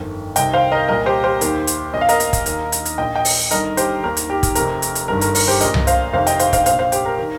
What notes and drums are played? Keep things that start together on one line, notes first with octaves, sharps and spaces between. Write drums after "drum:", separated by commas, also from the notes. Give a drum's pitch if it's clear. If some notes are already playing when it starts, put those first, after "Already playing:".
Already playing: G1 F2 D#3
C2 C3 D#3 D#5 G5, drum: hi-hat
C5 F5
A#4 D#5
C2 A#2 A#4 D#5
G4 C5
G4 C5
D#2 D#3, drum: hi-hat
drum: hi-hat
A#1 A#2 D#5
F5
A#4 D#5, drum: hi-hat
drum: hi-hat
drum: kick, hi-hat
D#2 D#3, drum: hi-hat
drum: hi-hat
drum: hi-hat
A#1 A#2 D#5 G5
D#5 G5
drum: open hi-hat
G1 G2 D#3 A#4 D#5, drum: hi-hat
G4 C5, drum: hi-hat
D#2 D#3 A#4
drum: hi-hat
G4
drum: kick, hi-hat
F1 F2 C3 A#4, drum: hi-hat
drum: hi-hat
drum: hi-hat
G1 G2 D#3 A#4
A#4, drum: hi-hat
A#4, drum: open hi-hat
G4 C5
A#1 A#2 A#4 D#5, drum: hi-hat
drum: tom C2
C5 F5, drum: hi-hat
F1 F2 C3 D#3 C5 F5
D#5 G5, drum: hi-hat
C5 F5, drum: hi-hat
C5 F5, drum: kick, hi-hat
A#1 A#2 C5 F5, drum: hi-hat
C5 F5
G4 C5, drum: hi-hat
A#4
D#3